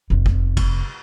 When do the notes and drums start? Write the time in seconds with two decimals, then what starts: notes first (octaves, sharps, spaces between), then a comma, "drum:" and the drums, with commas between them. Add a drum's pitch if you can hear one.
0.10 F1 C3
0.26 drum: kick G1
0.57 drum: kick G1, cymbal